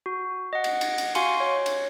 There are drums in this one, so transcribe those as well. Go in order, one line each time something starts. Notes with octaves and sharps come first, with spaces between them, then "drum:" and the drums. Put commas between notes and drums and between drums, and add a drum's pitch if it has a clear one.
F#4
D#5 F#5
drum: cymbal
drum: cymbal
drum: cymbal
F#4 F5 G#5 C6 C#7, drum: cymbal
C#5
drum: cymbal